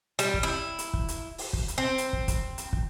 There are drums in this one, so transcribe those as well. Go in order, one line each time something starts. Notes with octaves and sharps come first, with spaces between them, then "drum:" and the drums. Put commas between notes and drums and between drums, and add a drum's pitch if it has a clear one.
G3, drum: hi-hat
drum: kick
E4
drum: hi-hat
drum: kick
drum: hi-hat
drum: open hi-hat
drum: kick
drum: hi-hat
C4
drum: hi-hat
drum: kick
drum: kick, hi-hat
drum: hi-hat
drum: kick